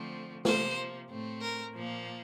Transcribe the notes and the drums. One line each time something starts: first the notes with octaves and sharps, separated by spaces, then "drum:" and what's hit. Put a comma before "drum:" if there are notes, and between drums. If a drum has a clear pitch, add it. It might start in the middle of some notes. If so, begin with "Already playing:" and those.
Already playing: D3 F3 A3 C4
C3 F3 A#3 C5, drum: snare
A2 A3 C4
A#4
A#2 F3 A#3